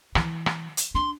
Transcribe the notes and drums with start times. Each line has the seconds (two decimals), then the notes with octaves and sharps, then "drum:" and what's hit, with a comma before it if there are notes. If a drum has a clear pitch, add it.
0.15 E3, drum: rim click
0.46 drum: rim click
0.77 drum: hi-hat
0.95 D4 C6